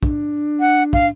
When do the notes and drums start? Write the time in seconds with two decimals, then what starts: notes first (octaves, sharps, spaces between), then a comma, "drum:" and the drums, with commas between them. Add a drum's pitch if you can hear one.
0.03 D4, drum: kick
0.60 F#5
0.93 F5, drum: kick